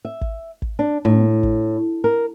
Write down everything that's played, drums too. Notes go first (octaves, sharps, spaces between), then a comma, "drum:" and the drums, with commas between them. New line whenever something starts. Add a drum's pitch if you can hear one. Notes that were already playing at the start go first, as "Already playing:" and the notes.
E5
drum: kick
drum: kick
D4
A2, drum: tom
drum: kick
A#4